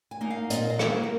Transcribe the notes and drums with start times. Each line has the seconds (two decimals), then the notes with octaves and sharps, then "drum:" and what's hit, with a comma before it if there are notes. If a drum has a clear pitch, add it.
0.11 G#5
0.21 A#3 D#4
0.30 F5
0.50 A#2 D#5, drum: hi-hat
0.70 F5
0.79 A#3 D#4, drum: rim click
1.03 A#4